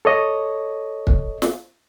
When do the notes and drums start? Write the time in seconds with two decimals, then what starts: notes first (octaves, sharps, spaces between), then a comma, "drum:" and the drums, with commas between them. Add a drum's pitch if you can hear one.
0.05 A4 C#5 D#5
1.07 drum: kick
1.42 drum: snare